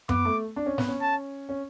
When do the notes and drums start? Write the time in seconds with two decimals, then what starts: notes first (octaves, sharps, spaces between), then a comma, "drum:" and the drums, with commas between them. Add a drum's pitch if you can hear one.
0.09 B3 D6, drum: tom F#2
0.25 A3
0.56 D4
0.66 C#4
0.78 B3, drum: snare
0.88 C#4
1.02 A5
1.49 C#4